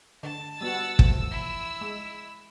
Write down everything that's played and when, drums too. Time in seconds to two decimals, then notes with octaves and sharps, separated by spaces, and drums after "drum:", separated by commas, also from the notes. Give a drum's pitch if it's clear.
0.23 D3 A5
0.61 G3 B3 F#4 F#5 E6 A6
0.99 E3 F3 A3 E6, drum: kick
1.31 E4
1.81 G#3